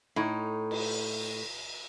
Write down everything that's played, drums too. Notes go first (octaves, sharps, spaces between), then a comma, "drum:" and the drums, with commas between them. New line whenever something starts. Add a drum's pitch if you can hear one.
A2 D#4
drum: cymbal